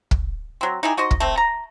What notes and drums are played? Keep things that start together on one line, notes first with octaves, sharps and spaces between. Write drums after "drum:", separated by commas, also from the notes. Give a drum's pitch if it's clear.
drum: kick
F#3 C4
D#4 E4 G4 G#4
D#4 F#4 C5 D#5
drum: kick
A3 C4
A#5